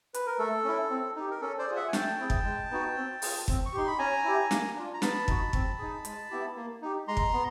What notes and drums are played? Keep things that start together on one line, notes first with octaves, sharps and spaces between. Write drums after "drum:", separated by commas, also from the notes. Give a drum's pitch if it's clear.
B4, drum: hi-hat
A#4
A3 A4
C#4 E4
C4
D#4 G4
A#4
C#4 A4
C5 D5
F4 G#4
E5 F#5
G#5
A3 G5 A5, drum: snare
C4 E4 G#4
drum: kick
G#3
B3 D#4 F#4
C4
F4 G#4, drum: open hi-hat
C4, drum: kick
C#6
D#4 G4 C6
B5
C#4 G#5 A#5
E4 G4
A#3, drum: snare
D4 F4
A#5
B3 A5 B5, drum: snare
D#4 F#4, drum: kick
C4, drum: kick
D#4 G#4
G#3, drum: hi-hat
B3 E4 G4
A#3
D#4 G4
G#3 A#5 C6
drum: kick
B3